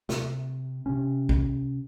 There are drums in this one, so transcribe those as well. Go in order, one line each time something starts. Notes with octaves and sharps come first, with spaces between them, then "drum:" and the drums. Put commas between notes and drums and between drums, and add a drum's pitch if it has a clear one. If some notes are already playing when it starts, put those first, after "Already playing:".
C3, drum: snare
C3 C#4
drum: kick